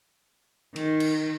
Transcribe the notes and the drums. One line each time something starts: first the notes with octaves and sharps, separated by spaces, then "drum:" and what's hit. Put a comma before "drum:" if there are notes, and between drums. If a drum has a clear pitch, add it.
D#3, drum: cymbal
drum: cymbal